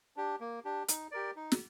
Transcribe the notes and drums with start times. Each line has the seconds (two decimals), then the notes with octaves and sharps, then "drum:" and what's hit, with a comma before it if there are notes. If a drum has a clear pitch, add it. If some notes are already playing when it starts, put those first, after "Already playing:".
0.16 D4 G4
0.40 A#3
0.65 D4 G4
0.88 D#4, drum: hi-hat
1.11 G4 A#4 D5
1.36 D#4
1.52 drum: snare